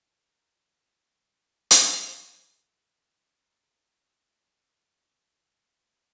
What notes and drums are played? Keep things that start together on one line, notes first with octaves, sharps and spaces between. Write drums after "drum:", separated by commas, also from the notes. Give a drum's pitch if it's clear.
A#4 A#5
drum: hi-hat
A#5 A6